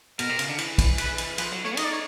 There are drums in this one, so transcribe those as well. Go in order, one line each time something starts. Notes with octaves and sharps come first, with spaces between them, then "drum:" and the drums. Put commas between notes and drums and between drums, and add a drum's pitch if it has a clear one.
B2 A#4, drum: cymbal
C3
C#3, drum: cymbal
D3
E3, drum: cymbal
drum: kick, cymbal
B4, drum: cymbal
drum: cymbal
F3 B4, drum: cymbal
F#3
A3 C#5
D#4 D#5, drum: cymbal
D5
C#5